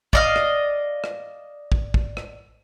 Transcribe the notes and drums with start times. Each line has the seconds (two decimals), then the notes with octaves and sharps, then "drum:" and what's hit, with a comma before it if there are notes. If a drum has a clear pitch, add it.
0.13 D5 D#5 F5, drum: kick
0.36 drum: rim click
1.04 drum: rim click
1.72 drum: kick
1.94 drum: kick
2.17 drum: rim click